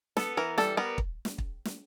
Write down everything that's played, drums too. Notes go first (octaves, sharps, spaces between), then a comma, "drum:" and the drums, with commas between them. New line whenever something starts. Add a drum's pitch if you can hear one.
B3 A4, drum: snare
E3 A#4
G3 A4, drum: snare
B3 A#4
drum: kick
drum: snare
drum: kick
drum: snare